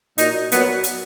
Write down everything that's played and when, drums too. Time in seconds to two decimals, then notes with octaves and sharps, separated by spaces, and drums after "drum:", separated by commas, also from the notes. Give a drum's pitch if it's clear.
0.18 A#2 F#3 D#4, drum: hi-hat
0.52 A#2 F#3 B3, drum: hi-hat
0.84 drum: hi-hat